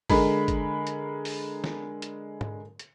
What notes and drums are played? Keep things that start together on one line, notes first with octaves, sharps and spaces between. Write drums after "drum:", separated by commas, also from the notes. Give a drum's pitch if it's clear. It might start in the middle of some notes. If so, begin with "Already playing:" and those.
D3 G#3 A#4 B5, drum: kick, open hi-hat
drum: kick, hi-hat
drum: hi-hat
drum: open hi-hat
drum: snare
drum: hi-hat
drum: tom G#2
drum: hi-hat